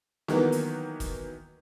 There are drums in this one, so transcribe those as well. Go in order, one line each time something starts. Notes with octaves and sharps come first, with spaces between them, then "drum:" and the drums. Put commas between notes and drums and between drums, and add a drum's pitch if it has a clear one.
D#3 E3 F#3 A#3 B3, drum: snare
drum: hi-hat
drum: kick, hi-hat